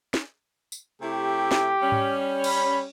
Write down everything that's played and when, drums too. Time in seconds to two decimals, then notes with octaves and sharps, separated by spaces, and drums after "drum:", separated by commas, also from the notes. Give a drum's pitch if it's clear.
0.14 drum: snare
0.72 drum: tambourine
1.02 C3 A3 E4 G4
1.51 drum: snare
1.82 G3 C#4
1.92 drum: tom G#2
2.44 B5, drum: cymbal